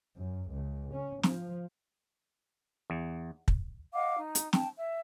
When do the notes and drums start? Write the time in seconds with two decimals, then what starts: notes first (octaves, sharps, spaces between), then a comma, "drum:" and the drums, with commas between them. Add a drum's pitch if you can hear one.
0.17 F#2
0.49 C#2
0.92 C#4
1.23 F3, drum: snare
2.90 E2
3.48 drum: kick
3.93 D#5 F5 F#5 D6
4.18 D#4
4.35 drum: hi-hat
4.53 G5 A5, drum: snare
4.77 E5